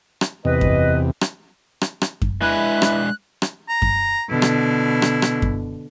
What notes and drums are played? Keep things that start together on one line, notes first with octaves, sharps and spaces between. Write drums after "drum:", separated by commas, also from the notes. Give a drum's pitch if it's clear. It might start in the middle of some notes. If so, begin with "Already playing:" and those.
drum: rim click
E2 C3 B4 D#5
drum: kick F#2
drum: rim click
drum: rim click
drum: rim click
drum: kick F#2
G#3 D4 E4 B4 G#5 F#6
drum: rim click
drum: rim click
A#5
drum: kick F#2
B2 D3 E4
drum: rim click
drum: rim click
drum: rim click
drum: kick F#2